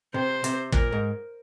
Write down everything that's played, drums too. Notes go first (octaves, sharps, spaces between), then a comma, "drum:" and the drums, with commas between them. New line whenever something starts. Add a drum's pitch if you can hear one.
C3 C5
C3, drum: hi-hat
A#2 A#4, drum: kick
G#2